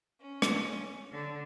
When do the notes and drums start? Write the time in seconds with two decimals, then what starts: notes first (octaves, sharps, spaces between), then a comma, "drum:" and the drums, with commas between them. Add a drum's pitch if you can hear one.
0.20 C#4
0.42 drum: rim click
1.11 D3